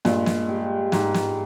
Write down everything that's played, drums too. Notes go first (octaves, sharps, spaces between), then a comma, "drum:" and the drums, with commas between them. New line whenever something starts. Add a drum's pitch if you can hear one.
G2 A#2 G#3, drum: snare
drum: snare
G4
G#2 A#4, drum: snare
drum: snare